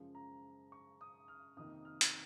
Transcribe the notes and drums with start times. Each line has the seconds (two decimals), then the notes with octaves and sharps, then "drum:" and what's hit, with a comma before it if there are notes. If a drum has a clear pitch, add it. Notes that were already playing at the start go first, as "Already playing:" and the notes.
Already playing: F#2 C#3 F3 G#3
0.15 A#5
0.72 C#6
1.01 D#6
1.28 F6
1.57 F2 C3 D#3 A#3 D#4 D#6
1.85 F6
2.01 drum: hi-hat